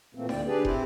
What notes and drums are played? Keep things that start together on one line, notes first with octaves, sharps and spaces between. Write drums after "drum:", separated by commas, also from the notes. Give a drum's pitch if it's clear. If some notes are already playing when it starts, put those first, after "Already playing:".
A#2 E3 A3 A#3 C4
D2 D3 D5 G5, drum: snare D#4
D4 G4 G#4 B4 D5
C4 E4 G4 C5, drum: kick